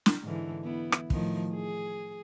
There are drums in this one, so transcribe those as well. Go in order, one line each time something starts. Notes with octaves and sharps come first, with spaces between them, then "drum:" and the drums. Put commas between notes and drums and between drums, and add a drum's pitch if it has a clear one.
drum: snare
G#2 D3 E3
B3 E4
drum: rim click
A2 D#3 F3, drum: kick
G#4